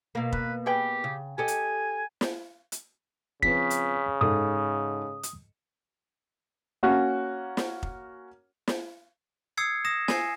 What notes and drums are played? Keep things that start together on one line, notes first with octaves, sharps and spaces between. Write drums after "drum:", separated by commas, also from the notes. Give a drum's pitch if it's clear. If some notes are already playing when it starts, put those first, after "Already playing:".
B2 A#3
B4, drum: kick F1
G4 G#4 B4 G5
C#3
G4 A4 D#5 G#5
drum: hi-hat
drum: snare
drum: hi-hat
C#3 F3 C4 B4 B6, drum: kick F1
drum: hi-hat
G#2 A4 D#6
drum: hi-hat
A#3 C#4 F#4
drum: snare
drum: kick F1
drum: snare
D#6 E6 G#6 C7 C#7
D#6 A#6 E7
G#5 C7, drum: snare